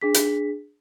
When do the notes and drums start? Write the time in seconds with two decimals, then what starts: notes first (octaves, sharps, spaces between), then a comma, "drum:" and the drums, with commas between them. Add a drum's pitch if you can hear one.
0.01 D4 G#4 B6
0.14 drum: hi-hat